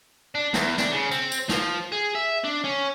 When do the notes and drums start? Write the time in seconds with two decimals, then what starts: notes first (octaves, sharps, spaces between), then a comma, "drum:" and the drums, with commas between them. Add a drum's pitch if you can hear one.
0.35 D4
0.54 E2, drum: snare
0.78 D4, drum: snare
0.92 C#3
1.11 C4, drum: hi-hat
1.32 drum: tambourine
1.49 F3, drum: snare
1.92 G#4
2.15 E5
2.45 D4
2.65 C#4